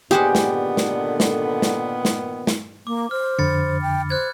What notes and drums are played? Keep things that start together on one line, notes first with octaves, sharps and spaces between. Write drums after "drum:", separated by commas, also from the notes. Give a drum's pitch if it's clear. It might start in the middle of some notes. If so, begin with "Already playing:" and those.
A#2 D3 D#3 B3 G4 G#4 C5 F#5
drum: snare
drum: snare
drum: snare
drum: snare
drum: snare
drum: snare
A#3 D6
C5 F6
F2 D3 B5 A6 C#7
G5
C5 F#6 G#6